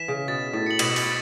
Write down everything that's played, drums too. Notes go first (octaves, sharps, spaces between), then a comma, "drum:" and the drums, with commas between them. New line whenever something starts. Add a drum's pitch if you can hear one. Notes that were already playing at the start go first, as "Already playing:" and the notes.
Already playing: E3 B6 E7
C#3
B2 A6
A2
C#7 F#7
B2, drum: cymbal
drum: open hi-hat
B2 A6